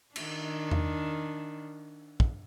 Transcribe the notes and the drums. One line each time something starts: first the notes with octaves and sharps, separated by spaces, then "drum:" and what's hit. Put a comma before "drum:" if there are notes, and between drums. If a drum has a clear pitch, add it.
D#3 D4, drum: cymbal
drum: tom E2
drum: kick